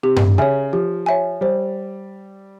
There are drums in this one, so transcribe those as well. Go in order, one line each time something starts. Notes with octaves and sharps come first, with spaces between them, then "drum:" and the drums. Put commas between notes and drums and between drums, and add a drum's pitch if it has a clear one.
C3 G4
drum: tom G2
C#3 C#5 E5 G#5
F3 G4
C#5 E5 G#5
G3 C5